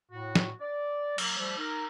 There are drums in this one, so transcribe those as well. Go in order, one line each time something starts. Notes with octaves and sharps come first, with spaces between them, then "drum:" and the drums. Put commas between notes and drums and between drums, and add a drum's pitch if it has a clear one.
A2 F#4
drum: snare
D5
F#3 A#3, drum: cymbal
F3 G3 A3
D#4 A#4